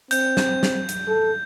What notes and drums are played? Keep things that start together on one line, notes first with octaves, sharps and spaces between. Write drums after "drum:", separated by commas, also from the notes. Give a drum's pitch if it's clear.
C4 G6, drum: hi-hat
drum: snare
drum: snare
drum: hi-hat
A4